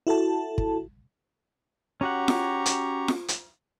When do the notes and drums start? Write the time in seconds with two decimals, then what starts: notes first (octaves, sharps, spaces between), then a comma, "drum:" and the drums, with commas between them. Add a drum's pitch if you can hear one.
0.07 E4 F#4 A4 A5
0.58 drum: kick
2.01 C#4 F#4 G4 F#5 A#5 C#6
2.28 drum: snare F4
2.66 drum: hi-hat
3.08 drum: snare F4
3.28 drum: hi-hat